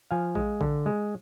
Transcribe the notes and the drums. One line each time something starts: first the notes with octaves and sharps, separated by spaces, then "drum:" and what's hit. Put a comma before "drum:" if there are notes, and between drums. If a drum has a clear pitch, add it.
F3 F5 G#5
G#3, drum: kick A#1
D3, drum: kick A#1
G#3